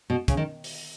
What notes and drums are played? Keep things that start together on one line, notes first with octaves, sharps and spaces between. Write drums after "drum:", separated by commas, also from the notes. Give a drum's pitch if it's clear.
B2
C#3, drum: kick, hi-hat
D#3
drum: open hi-hat